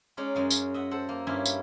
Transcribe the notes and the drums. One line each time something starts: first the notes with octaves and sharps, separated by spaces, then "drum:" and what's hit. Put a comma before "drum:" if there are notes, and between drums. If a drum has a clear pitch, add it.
G#3 C#4 D#4 D5
F#2 G#3 F5
drum: tambourine
D#5 E5 F#5
A4 C5 F#5
A#3
G2 C#4 E4 F4 E5
drum: tambourine